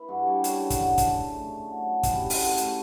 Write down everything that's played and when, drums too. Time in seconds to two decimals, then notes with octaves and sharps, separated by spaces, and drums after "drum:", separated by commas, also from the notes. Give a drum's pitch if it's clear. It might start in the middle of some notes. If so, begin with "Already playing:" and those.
Already playing: E4 B4
0.08 G2 F#4 A4
0.26 G3 A4 C#5
0.44 C#3 A4 C#5, drum: hi-hat
0.63 F#3
0.70 D4 F#4, drum: kick, hi-hat
0.80 F#3
0.98 C#3, drum: kick, hi-hat
1.15 A3
1.33 C#3
1.51 A3
1.68 F#3
1.86 F#3
2.03 C#3 E4 G4, drum: kick, hi-hat
2.22 C#3
2.30 F#4 A4, drum: open hi-hat
2.39 A3
2.57 A3, drum: hi-hat